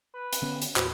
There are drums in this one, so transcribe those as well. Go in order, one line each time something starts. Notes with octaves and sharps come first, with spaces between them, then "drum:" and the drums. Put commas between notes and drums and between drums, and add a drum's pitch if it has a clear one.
B4
drum: hi-hat
D3 B3 C#4
drum: hi-hat
D#2 A2 F#4 B4 C5, drum: clap